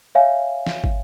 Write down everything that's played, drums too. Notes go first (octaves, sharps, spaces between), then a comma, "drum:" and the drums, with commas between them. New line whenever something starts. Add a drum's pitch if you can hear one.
C#5 E5 F5 G#5
drum: snare
drum: kick